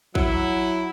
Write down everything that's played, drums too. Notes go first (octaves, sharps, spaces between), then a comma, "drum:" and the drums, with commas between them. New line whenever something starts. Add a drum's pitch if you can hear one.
F#3 E4, drum: kick